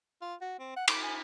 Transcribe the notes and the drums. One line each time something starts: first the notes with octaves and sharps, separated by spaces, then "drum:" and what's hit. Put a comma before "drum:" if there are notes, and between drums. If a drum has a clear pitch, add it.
F4
F#4
C4
F#5
D6, drum: cymbal
G#5